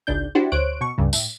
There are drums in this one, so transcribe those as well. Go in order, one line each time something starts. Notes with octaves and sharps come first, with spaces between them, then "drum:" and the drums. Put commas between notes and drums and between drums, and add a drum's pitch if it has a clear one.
G#1 C#2 D4 G6
D4 E4 F#4 G4 C5
D2 C5 C#5 F#6 D7
B2 C#6
C#2 G2 C#3
A2, drum: tambourine